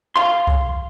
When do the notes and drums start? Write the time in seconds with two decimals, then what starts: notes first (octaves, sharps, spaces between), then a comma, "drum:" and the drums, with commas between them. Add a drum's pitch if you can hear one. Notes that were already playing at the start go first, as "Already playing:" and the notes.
0.16 F5 C6
0.47 drum: kick C2